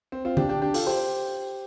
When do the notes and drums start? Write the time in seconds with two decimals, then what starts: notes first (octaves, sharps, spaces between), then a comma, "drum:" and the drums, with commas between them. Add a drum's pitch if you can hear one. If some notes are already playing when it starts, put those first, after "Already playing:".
0.12 C4
0.25 C4 F4
0.37 D4 G4, drum: tom
0.49 D4 G4
0.62 D4 G4
0.74 F4 A4, drum: open hi-hat
0.86 G4 C5